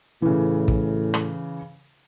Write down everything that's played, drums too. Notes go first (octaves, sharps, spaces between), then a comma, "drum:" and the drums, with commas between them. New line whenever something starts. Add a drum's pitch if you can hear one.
A2 C#3 E3
drum: kick
drum: rim click